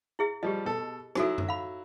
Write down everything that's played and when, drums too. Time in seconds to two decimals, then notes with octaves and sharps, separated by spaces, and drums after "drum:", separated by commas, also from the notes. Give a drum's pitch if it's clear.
0.19 E4 G#4 E5
0.43 F3 G3 G4 D#5
0.65 B2 A4
1.15 F#3 D#4 E4 F#4 A4, drum: rim click
1.38 drum: tom F#2
1.49 F5 B5